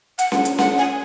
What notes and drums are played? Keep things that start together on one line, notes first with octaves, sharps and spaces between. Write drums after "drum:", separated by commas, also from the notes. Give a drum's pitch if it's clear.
F#5, drum: hi-hat
drum: snare C#4
drum: hi-hat
F#5, drum: snare C#4
G#5